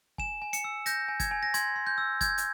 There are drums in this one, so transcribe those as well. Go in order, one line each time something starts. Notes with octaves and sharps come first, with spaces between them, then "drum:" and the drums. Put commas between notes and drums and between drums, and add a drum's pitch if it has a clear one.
G#5 E7, drum: kick
G#5
C#7, drum: hi-hat
E6
G6 A#6, drum: hi-hat
G#5
G#6, drum: kick, hi-hat
G#5
A#6
C6 G#6, drum: hi-hat
C6
G6
E6
G6 G#6, drum: kick, hi-hat
drum: hi-hat